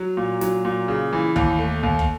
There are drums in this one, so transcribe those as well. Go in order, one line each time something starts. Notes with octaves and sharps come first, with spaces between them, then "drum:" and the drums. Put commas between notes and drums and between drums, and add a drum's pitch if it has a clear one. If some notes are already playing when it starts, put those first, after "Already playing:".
Already playing: F#3
A#2
F#3, drum: snare
A#2
C#3
E3
D#2, drum: kick
A3
D#2
drum: kick